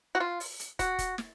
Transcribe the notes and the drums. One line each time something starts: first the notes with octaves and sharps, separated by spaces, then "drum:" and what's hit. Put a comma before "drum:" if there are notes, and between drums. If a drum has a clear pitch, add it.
F#4
F4
drum: open hi-hat
drum: hi-hat
F#4, drum: kick, hi-hat
drum: kick, hi-hat
drum: snare